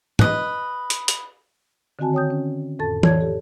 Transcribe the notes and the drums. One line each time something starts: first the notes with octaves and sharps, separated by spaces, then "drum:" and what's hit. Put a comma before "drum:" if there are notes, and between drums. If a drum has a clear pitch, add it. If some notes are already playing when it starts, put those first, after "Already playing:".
B4 D#5, drum: tom
drum: hi-hat
drum: hi-hat
D3 D#3 C4 F#4 G#5 A5
C#5 G5 D#6 G6
C#4
F2 A2 A4 A5 A6
C#5 D5 A5 G#6, drum: tom E3
G4 A4